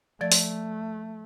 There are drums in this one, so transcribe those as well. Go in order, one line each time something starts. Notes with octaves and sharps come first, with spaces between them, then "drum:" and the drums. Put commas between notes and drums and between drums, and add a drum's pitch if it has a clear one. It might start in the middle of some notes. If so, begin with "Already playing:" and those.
F3 A3 D5 A6
drum: open hi-hat